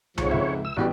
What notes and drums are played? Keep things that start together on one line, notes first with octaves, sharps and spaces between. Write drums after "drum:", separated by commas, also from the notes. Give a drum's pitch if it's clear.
F2 G#2 F3 C#5, drum: tom C2
C#2 E5
E6
A1 G3 B3 F#4 G4